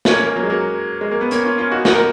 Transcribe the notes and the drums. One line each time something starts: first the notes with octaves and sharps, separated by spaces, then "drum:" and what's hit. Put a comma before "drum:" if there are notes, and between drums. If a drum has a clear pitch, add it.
D#4, drum: snare
A#3 C#4
A#3 C#4
F#3 A#3
G#3
F#3 A#3
G#3
A#3
B3
A#3 C#4, drum: hi-hat
C#4 F4
C#4 F4
D#4 F#4
D#4 F#4, drum: snare
A#4